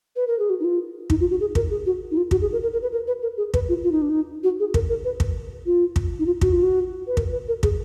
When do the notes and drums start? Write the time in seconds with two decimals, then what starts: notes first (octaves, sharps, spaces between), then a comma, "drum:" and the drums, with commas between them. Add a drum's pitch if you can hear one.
0.16 B4
0.27 A#4
0.39 G#4
0.50 F#4
0.60 D#4
0.64 F4
1.10 D#4, drum: kick
1.20 F4
1.30 F#4
1.40 G#4
1.55 A#4, drum: kick
1.71 G#4
1.86 F#4
2.11 D#4
2.17 F4
2.31 F#4, drum: kick
2.41 G#4
2.52 A#4
2.63 A#4
2.73 A#4
2.82 B4
2.92 A#4
3.07 B4
3.22 A#4
3.37 G#4
3.54 B4, drum: kick
3.69 F4
3.84 F4
3.92 D#4
4.02 D4
4.10 D#4
4.43 F#4
4.60 G#4
4.74 A#4, drum: kick
4.89 A#4
5.05 B4
5.20 drum: kick
5.66 F4
5.96 drum: kick
6.19 D#4
6.26 F4
6.41 F#4, drum: kick
6.53 F4
6.63 F#4
7.07 B4
7.17 A#4, drum: kick
7.32 B4
7.48 A#4
7.63 G#4, drum: kick